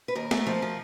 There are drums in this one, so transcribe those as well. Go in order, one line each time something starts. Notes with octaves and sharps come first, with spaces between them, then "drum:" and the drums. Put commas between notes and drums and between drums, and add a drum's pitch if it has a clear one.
B4
D#2 A#4
A3, drum: snare
F3
F3